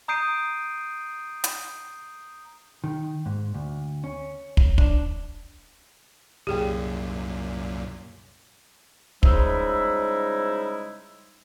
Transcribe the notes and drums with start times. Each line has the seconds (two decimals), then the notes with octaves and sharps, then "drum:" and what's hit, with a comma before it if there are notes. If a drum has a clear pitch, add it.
0.08 A#5 D#6 G6 C7 D7 D#7
1.44 drum: hi-hat
2.84 D#3
3.26 G#2
3.54 D2
4.04 C#4
4.57 drum: kick
4.78 D4, drum: kick
6.47 C2 F#2 A#2 G4 G#4 G5
9.23 C#3 F3 G3 G#3 D#4 E4, drum: kick